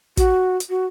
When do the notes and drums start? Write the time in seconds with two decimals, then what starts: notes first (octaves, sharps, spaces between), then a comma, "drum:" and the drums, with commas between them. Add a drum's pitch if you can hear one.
0.17 F#4, drum: kick, hi-hat
0.60 drum: hi-hat
0.70 F#4